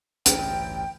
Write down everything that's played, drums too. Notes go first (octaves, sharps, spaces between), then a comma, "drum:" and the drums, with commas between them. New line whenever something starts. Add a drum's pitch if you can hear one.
A1 D2 G2 G5, drum: hi-hat